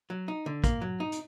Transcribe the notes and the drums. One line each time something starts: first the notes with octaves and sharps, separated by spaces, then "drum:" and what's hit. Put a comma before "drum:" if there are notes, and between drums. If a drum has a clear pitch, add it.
F#3
D#4
D3
A#3, drum: kick, hi-hat
F#3
D#4
drum: hi-hat